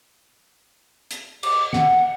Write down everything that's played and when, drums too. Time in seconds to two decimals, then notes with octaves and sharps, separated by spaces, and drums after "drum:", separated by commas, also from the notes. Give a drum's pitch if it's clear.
1.11 drum: hi-hat
1.43 D6, drum: cymbal
1.73 F#5, drum: snare